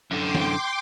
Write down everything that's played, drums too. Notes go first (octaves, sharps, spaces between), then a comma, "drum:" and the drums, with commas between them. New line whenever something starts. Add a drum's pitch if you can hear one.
F#2 D3 G5 C6 D6
drum: snare